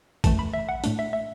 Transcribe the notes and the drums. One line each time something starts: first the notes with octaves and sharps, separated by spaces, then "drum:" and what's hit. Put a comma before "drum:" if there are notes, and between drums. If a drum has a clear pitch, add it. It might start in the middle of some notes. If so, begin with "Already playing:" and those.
F#2 E3 A3 A5, drum: kick A1, hi-hat
B5
E5
F#5
A2 A3 D4, drum: hi-hat
E5
E5